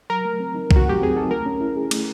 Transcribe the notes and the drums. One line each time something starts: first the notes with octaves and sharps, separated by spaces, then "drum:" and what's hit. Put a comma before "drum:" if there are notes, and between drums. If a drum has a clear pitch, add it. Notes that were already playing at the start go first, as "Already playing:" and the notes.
F#3 A#4
A3
C4
D#4
F#3, drum: kick B1
F#4
A3 G4
C4 G#4
D#4 A4
A3 A#4
C#4
E4
G#4
A3, drum: cymbal